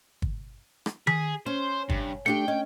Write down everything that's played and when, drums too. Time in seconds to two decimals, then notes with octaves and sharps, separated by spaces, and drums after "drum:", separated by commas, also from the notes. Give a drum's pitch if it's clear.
0.22 drum: kick
0.86 drum: rim click
1.07 G#4 B6, drum: tom D#3
1.46 C#4 C5
1.90 G2, drum: kick
2.26 A3 D4 G4 G5 C#7
2.48 C#4 D#5